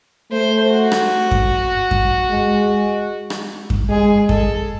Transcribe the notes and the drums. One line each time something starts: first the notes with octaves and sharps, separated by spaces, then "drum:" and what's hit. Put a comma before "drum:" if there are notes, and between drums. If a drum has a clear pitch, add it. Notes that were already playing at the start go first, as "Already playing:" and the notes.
A3 C5
F#4
drum: rim click
drum: kick F#2
drum: kick F#2
G#3
drum: rim click
drum: kick F#2
G#3 G#4
A4, drum: kick F#2